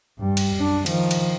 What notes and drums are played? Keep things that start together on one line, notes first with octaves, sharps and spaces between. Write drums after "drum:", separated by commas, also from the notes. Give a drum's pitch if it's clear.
G2 G3
drum: cymbal
F#2 D4
D#3 F3, drum: cymbal
drum: cymbal